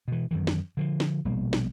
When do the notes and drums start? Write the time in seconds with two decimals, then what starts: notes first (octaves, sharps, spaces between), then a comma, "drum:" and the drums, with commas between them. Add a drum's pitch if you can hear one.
0.08 B2 E3
0.31 F#2 D#3 E3
0.47 drum: snare
0.77 D3 D#3 F3
1.00 drum: snare
1.25 A#1 B2 G3 A#3
1.53 drum: snare